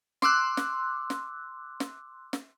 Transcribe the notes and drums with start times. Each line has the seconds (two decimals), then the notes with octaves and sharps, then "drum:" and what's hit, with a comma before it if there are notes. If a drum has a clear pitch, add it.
0.22 C6 D6 E6 F#6, drum: snare
0.57 drum: snare
1.10 drum: snare
1.80 drum: snare
2.33 drum: snare